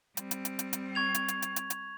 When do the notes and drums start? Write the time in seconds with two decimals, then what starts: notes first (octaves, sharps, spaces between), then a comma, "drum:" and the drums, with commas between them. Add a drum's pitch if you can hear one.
0.17 G3 C4, drum: hi-hat
0.31 drum: hi-hat
0.45 drum: hi-hat
0.59 drum: hi-hat
0.73 drum: hi-hat
0.95 C#6 G#6 F7
1.14 drum: hi-hat
1.28 drum: hi-hat
1.42 drum: hi-hat
1.56 drum: hi-hat
1.70 drum: hi-hat